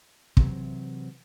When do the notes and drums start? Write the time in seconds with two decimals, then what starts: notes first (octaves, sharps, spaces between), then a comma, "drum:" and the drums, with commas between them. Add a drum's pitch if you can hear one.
0.37 C3 E3 F#3 C4, drum: kick